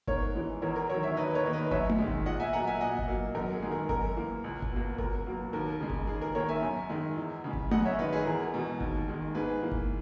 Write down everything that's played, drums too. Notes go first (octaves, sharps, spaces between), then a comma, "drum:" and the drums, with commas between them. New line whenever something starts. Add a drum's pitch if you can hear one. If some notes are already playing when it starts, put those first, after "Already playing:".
G#2 A#4 C#5, drum: kick G1
E3 G#3
E2 A#4 C#5
A#4
D#3 F#3 A#4 C#5
C#5 E5
D#2 B4 D#5
A#4 C#5
D#3 A#3
B4 D#5
F#2 C#5 E5, drum: kick G1
drum: tom A3
D#3 G#3
drum: kick G1
A#2 D#5 F#5
E5 G#5
F#3 A#3 F#5 A#5
E5 G#5
A#2 D#5 F#5
drum: kick G1
F#3 A#3
F#2 A#4
G#4
D#3 G#3
A#4
F#2 A#4, drum: kick G1
E3 A#3
C#2
drum: kick G1
B2 A#3
C#2 A#4, drum: kick G1
B2 F#3 A#3
D#2 A#4
C#3 G#3
drum: kick G1
D#2 G#4
A#4
D#3 A#3 A#4 C#5
E5 G#5
F#2
D#3 G#3
E2
C#3 G#3
drum: kick G1
F#2 D#5 F#5, drum: tom A3
C#5 E5
D#3 G#3 B4 D#5
G#4
E2 A#4
B2 G#3
D#2, drum: kick G1
D#3 G#3
G#2 G#4 B4
E3 A#3
drum: kick G1